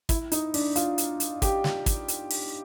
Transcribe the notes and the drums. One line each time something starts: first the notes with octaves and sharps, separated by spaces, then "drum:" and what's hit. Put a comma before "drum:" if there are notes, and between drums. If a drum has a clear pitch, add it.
E4, drum: kick, hi-hat
D#4, drum: hi-hat
D4, drum: open hi-hat
F4, drum: hi-hat
drum: hi-hat
drum: hi-hat
G4, drum: kick, hi-hat
drum: snare
drum: kick, hi-hat
drum: hi-hat
drum: open hi-hat